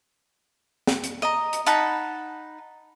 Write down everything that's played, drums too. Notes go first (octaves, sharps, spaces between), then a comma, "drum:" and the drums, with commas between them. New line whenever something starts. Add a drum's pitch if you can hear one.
drum: snare
drum: hi-hat
D#5 A#5
drum: hi-hat
D#4 F#5 A5 B5, drum: hi-hat